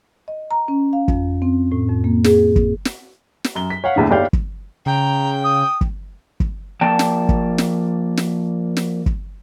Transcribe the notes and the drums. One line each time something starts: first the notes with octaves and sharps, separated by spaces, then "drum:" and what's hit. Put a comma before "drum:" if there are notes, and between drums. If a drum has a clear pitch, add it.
D#5
A#5
C#4
F5
F2, drum: kick
C4
A2
F2
A#3
G#4, drum: snare
drum: kick
drum: snare
drum: snare
F#2 G7
B6
C#5 F5 F#5
A#1 E2 A2 D3
G1 D#2 G4 D5 F5 G6
drum: kick
C#3 G5 A#5
D#6
drum: kick
drum: kick
F3 A#3 D5 G5 A5
drum: snare
drum: kick
drum: snare
drum: snare
drum: snare
drum: kick